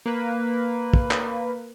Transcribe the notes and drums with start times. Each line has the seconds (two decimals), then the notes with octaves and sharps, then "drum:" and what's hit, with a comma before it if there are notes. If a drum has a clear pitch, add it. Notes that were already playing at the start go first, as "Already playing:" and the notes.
0.06 A#3 B4
0.94 drum: kick
1.11 drum: clap